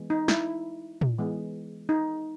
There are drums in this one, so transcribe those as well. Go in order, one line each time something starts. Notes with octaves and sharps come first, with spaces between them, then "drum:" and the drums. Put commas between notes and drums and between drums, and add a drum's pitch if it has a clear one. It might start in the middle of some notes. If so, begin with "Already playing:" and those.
Already playing: E3 G#3 B3
D#4
E4, drum: snare
drum: tom
E3 G#3 B3
D#4